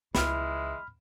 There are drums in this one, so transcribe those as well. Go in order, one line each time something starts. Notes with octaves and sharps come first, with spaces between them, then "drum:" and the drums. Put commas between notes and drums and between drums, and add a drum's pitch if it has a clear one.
C#2 E3 G#3 E4 B5 F6, drum: snare